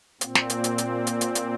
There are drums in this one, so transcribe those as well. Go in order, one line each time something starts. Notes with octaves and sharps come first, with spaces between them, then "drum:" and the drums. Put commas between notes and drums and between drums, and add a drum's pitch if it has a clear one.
A#2 C4, drum: hi-hat
drum: snare
drum: hi-hat
drum: hi-hat
drum: hi-hat
drum: hi-hat
drum: hi-hat
drum: hi-hat